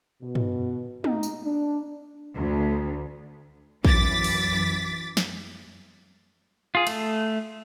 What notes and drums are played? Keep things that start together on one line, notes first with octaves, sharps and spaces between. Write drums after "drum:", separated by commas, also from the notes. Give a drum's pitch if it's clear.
B2
drum: tom
D#4, drum: tom
drum: tambourine
D4
D2
F#2 E3 D6 A6 B6, drum: kick
drum: open hi-hat
drum: snare
F4 G#4
A3, drum: cymbal